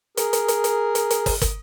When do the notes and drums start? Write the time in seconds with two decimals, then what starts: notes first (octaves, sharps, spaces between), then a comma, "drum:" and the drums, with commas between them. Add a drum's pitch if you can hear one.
0.17 G#4 A#4, drum: hi-hat
0.33 drum: hi-hat
0.48 drum: hi-hat
0.64 drum: hi-hat
0.95 drum: hi-hat
1.10 drum: hi-hat
1.26 drum: kick, open hi-hat
1.41 drum: kick, hi-hat